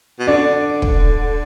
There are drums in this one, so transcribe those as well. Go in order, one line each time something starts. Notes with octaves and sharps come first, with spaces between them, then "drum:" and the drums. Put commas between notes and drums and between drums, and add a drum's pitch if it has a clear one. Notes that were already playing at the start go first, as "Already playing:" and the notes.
B2
D3 D4
drum: kick